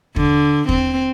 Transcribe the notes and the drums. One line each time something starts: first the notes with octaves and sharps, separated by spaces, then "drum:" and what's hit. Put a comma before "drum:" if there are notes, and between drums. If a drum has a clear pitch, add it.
D3, drum: kick
C4, drum: kick